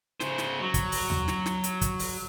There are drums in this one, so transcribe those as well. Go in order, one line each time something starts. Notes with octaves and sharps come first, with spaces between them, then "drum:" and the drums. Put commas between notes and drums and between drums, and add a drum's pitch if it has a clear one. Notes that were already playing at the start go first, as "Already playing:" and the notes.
C#3 C5, drum: snare
drum: snare
F#3
drum: kick, hi-hat
drum: open hi-hat
drum: tom D#2
drum: snare
drum: snare
drum: hi-hat
drum: kick, hi-hat
drum: open hi-hat